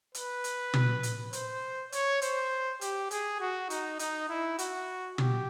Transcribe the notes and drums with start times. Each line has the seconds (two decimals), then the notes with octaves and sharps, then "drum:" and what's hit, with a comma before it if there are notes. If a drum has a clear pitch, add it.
0.14 B4, drum: hi-hat
0.44 drum: hi-hat
0.74 drum: tom
1.03 drum: hi-hat
1.33 C5, drum: hi-hat
1.92 C#5, drum: hi-hat
2.22 C5, drum: hi-hat
2.81 G4, drum: hi-hat
3.11 G#4, drum: hi-hat
3.40 F#4
3.70 D#4, drum: hi-hat
3.99 D#4, drum: hi-hat
4.29 E4
4.59 F#4, drum: hi-hat
5.18 G4, drum: tom